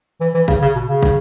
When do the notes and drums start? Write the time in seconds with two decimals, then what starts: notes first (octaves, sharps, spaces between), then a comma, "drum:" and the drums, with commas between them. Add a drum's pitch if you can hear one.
0.21 E3
0.35 E3
0.48 C#3, drum: kick
0.62 C#3
0.76 B2
0.89 C#3
1.03 drum: kick